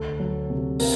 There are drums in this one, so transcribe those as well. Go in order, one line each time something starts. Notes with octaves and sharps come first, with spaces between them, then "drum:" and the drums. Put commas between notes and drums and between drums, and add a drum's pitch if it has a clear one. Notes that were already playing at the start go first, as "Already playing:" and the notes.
Already playing: D2 A4
F#3
C3
C4 A#4, drum: open hi-hat